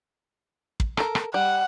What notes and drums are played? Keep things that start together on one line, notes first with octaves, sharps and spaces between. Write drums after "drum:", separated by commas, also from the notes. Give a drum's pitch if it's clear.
drum: kick
A4 A#4, drum: rim click
drum: rim click
G3 F#5